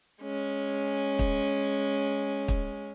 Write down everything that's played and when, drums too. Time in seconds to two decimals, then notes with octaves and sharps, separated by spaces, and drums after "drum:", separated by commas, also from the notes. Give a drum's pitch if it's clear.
0.22 G#3 C#4
1.19 drum: kick
2.48 drum: kick